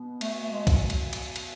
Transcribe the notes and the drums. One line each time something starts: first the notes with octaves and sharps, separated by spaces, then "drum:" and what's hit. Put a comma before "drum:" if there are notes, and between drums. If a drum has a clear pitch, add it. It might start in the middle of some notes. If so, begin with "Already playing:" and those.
Already playing: B2 B3
A3, drum: cymbal
A3
G#3
drum: kick, cymbal
drum: cymbal
drum: cymbal
drum: cymbal